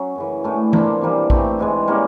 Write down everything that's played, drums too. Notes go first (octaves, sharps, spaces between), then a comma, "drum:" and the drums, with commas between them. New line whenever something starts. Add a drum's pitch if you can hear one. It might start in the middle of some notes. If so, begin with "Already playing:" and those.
Already playing: F#3 C#4
F#2 C#3 E3
A2 E3 A3 D4
A#2 F3 A#3 D4, drum: tom E3
C3 E3 G3 A#3
E3 A3 C4, drum: kick A#1
G#2 E3 G#3
E3 G3 A#3 C#4